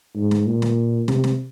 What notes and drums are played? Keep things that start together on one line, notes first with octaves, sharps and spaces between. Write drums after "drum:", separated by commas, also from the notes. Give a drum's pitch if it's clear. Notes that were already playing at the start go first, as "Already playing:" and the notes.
G#2
drum: snare
A#2
drum: snare
C3, drum: snare
drum: snare